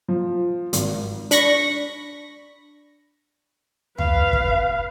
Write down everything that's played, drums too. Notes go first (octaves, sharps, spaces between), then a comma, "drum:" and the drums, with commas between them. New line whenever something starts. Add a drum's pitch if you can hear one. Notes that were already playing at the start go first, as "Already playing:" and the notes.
F3
G#1, drum: hi-hat
D4 B5 C#6 A#6, drum: hi-hat
B4 F5, drum: tom
drum: kick